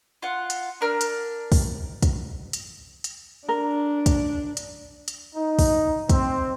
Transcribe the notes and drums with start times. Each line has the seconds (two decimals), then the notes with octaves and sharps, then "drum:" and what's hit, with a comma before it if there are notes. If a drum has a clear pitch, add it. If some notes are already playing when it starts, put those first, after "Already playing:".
0.22 F4 F#5
0.50 drum: hi-hat
0.81 D4 A#4 F6
1.01 drum: hi-hat
1.52 drum: kick, open hi-hat
2.03 drum: kick, hi-hat
2.53 drum: hi-hat
3.04 drum: hi-hat
3.49 D4 A#4
4.06 drum: kick, hi-hat
4.57 drum: hi-hat
5.08 drum: hi-hat
5.36 D#4
5.59 drum: kick, open hi-hat
6.09 C4, drum: kick, hi-hat